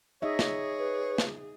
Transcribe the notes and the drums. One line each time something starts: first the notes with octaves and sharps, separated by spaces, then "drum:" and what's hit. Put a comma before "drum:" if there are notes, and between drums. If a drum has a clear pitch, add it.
D#4 G#4 C#5 D#5 E5
drum: snare
B4
drum: snare